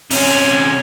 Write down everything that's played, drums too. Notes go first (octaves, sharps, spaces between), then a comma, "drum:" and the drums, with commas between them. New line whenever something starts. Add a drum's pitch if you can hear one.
C3 C#4, drum: open hi-hat